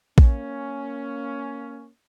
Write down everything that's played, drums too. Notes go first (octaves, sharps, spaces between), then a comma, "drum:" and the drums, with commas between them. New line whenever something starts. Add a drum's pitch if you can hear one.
A#3 C#4, drum: kick A#1